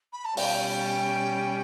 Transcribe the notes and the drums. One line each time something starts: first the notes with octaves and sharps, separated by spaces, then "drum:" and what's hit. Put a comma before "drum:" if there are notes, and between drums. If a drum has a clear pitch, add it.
B5
A5
B2 G3 C#4 G5, drum: open hi-hat